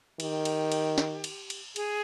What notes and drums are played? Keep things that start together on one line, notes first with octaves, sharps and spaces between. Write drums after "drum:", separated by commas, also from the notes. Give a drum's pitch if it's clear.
D#3 G4, drum: cymbal
drum: cymbal
drum: cymbal
drum: snare
drum: cymbal
drum: cymbal
G#4, drum: cymbal